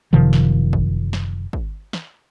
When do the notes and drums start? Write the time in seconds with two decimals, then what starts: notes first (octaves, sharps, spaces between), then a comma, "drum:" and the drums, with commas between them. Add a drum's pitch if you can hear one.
0.13 F#1 C3 D#3 F3
0.33 drum: snare
0.73 drum: kick
1.13 drum: snare
1.53 drum: kick
1.93 drum: snare